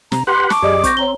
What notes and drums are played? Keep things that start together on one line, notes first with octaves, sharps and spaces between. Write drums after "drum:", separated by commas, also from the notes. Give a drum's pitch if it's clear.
C3 A#5, drum: snare
G4 B4 F#5 C6
A5 C#6 D6, drum: snare
F#2 G4 G#4 D5 D#5
C4 C#6 G6 A#6, drum: kick, hi-hat
C#5 A#5 G7